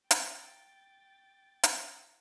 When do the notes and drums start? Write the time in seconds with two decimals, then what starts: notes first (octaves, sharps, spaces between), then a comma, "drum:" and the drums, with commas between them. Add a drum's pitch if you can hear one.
0.11 G5 A6, drum: hi-hat
1.63 drum: hi-hat